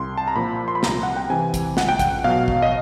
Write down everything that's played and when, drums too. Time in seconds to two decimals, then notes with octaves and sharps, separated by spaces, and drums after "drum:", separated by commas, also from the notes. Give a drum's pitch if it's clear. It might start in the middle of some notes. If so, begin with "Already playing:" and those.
Already playing: C2 C6
0.18 A5
0.28 A#5
0.36 A#2 F3 B5
0.68 C6
0.75 B5
0.83 C2 A#5, drum: snare
1.03 F#5
1.16 G5
1.30 C3 E3 G#5
1.54 drum: kick A1, hi-hat
1.77 C#2 F#5, drum: snare
1.88 G5
1.99 F#5, drum: kick A1, hi-hat
2.24 B2 F#3 F5
2.48 drum: kick A1
2.62 D#5